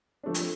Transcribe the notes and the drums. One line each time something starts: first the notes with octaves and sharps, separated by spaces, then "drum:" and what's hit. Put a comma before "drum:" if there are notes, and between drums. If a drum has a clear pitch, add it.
F3 A3 D4
drum: hi-hat